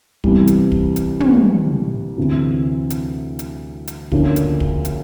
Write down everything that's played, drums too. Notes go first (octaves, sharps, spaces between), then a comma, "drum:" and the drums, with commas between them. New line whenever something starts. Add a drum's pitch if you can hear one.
C2 C3 E3 G3, drum: kick
drum: hi-hat
drum: kick
drum: hi-hat
drum: tom
D2 C3 E3
drum: hi-hat
drum: hi-hat
drum: hi-hat
D2 C#3 F3 A#3 D4, drum: kick
drum: hi-hat
drum: kick
drum: hi-hat